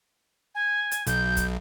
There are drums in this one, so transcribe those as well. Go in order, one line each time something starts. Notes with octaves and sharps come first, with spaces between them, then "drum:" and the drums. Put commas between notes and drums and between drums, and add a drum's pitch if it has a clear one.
G#5
drum: hi-hat
B1 G6, drum: hi-hat
drum: kick, hi-hat